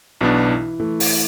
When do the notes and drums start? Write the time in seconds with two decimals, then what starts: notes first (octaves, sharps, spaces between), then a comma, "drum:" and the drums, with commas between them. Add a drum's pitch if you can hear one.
0.21 B1 B2 E3 B3 D4
0.50 E3
0.80 E3 A3
1.00 drum: open hi-hat